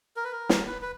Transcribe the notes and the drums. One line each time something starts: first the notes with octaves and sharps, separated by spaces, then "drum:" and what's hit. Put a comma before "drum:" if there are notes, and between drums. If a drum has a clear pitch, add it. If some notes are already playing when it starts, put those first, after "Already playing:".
A#4
B4
A#4
drum: snare
B4
B4